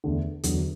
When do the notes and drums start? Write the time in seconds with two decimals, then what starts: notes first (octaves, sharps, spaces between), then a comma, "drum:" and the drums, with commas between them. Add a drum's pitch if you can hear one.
0.04 E2 D3 A3
0.43 E2 D3 F#3, drum: hi-hat